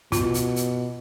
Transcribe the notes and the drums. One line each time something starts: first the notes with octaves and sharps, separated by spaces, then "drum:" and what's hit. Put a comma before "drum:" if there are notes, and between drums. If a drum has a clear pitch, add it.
B2 F4, drum: kick, hi-hat
drum: hi-hat
drum: hi-hat